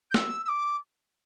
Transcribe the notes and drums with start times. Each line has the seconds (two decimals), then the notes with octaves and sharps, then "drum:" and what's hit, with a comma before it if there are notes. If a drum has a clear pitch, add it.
0.11 G6
0.14 E6, drum: snare
0.45 E6
0.48 D6